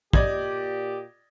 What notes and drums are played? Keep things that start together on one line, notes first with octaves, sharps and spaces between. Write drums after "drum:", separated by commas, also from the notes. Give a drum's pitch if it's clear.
A#2 G4 D5 D#5 G#6, drum: kick